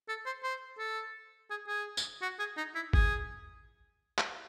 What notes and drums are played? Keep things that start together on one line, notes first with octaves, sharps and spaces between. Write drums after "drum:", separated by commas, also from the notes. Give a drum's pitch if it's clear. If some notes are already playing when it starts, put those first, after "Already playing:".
A4
C5
C5
A4
G#4
G#4
drum: tambourine
F#4
G#4
D#4
E4
G#4, drum: kick G1
drum: clap